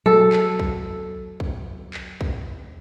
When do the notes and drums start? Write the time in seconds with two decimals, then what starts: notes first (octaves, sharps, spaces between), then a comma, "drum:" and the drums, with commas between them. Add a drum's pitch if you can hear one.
0.06 F#3 A4
0.33 drum: clap
0.60 drum: kick
1.40 drum: kick
1.94 drum: clap
2.21 drum: kick